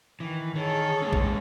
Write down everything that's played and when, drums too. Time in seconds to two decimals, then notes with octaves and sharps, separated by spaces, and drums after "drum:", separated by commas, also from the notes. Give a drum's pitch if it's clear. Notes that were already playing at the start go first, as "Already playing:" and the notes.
0.20 D#3 E3
0.55 D#3 G#4 A4 C#5
1.02 G#3 A#3 C#4
1.13 drum: kick A#1